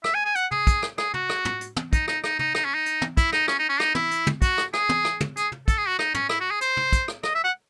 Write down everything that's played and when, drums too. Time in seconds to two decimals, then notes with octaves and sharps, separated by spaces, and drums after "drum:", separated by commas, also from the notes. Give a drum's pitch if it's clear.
0.04 E5, drum: rim click
0.14 G#5
0.25 G#5
0.35 F#5, drum: hi-hat
0.51 G#4, drum: tom
0.67 drum: kick, hi-hat
0.83 drum: rim click
0.98 G#4, drum: rim click
1.14 F#4, drum: tom
1.30 drum: rim click
1.45 drum: tom
1.61 drum: hi-hat
1.76 drum: tom
1.93 D#4, drum: kick, hi-hat
2.08 D#4, drum: rim click
2.24 D#4, drum: rim click
2.39 D#4, drum: tom
2.55 D#4, drum: rim click
2.65 C#4
2.74 D#4
2.86 drum: hi-hat
3.02 drum: tom
3.17 E4, drum: kick, hi-hat
3.33 D#4, drum: rim click
3.48 C#4, drum: rim click
3.59 D#4
3.69 C#4
3.80 D#4, drum: rim click
3.95 E4, drum: tom
4.11 drum: hi-hat
4.27 drum: tom
4.42 F#4, drum: kick, hi-hat
4.58 drum: rim click
4.74 G#4, drum: rim click
4.89 drum: tom
5.05 drum: rim click
5.20 drum: tom
5.37 G#4, drum: hi-hat
5.52 drum: tom
5.68 A4, drum: kick, hi-hat
5.78 G#4
5.88 F#4
5.99 D#4, drum: rim click
6.14 C#4, drum: tom
6.29 E4, drum: rim click
6.40 F#4
6.51 G#4
6.61 C5, drum: hi-hat
6.77 drum: tom
6.93 drum: kick, hi-hat
7.08 drum: rim click
7.23 D#5, drum: rim click
7.35 E5
7.44 F#5